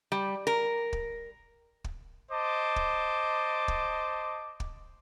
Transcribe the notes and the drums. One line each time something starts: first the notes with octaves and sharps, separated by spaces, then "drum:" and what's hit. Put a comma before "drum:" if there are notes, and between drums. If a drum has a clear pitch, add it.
G3
A#4
drum: kick
drum: kick
C5 D#5 A5 D6
drum: kick
drum: kick
drum: kick